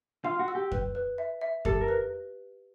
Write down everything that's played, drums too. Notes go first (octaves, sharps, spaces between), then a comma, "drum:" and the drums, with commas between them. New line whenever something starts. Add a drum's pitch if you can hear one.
F4 C6
F#4
E6
G4
B4, drum: kick F2
B4
E5
E5
G4 A4, drum: kick F2
A#4
B4